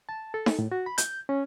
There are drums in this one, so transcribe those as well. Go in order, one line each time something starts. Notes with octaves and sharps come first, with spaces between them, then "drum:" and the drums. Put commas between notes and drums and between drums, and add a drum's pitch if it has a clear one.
A5
A4
drum: snare D#4
A2
F#4
B5
G6, drum: hi-hat
C#4